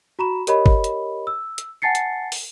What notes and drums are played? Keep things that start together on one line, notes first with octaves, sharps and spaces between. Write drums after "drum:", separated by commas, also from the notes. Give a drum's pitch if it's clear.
F#4 A#5 B5 C#6 E7
G4 A#4 C#5 D#5 B5, drum: hi-hat
drum: kick
drum: hi-hat
E6
drum: hi-hat
F#5 G#5 A5 A6 C7 C#7
drum: hi-hat
drum: open hi-hat